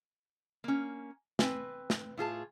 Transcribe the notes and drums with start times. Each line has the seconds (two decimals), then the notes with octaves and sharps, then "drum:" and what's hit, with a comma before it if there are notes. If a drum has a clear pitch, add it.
0.64 A#3 C#4
1.39 C4 B4 G#5, drum: snare
1.90 drum: snare
2.18 A2 F4 G#4 A5